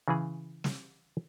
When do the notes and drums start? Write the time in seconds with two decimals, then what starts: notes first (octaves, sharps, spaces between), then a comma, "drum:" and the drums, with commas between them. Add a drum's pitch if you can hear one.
0.08 C#3 E3 G#4
0.64 drum: snare